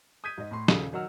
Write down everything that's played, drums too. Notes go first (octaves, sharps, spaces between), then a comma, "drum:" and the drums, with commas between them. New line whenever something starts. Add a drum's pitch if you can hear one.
D#6 G6 G#6 B6 D#7
G#2 D#5
A2 C6
D#1 C#3 D#4 A4 F5 D#6, drum: snare
D#3 F#3 D#4 F#5 E6 F6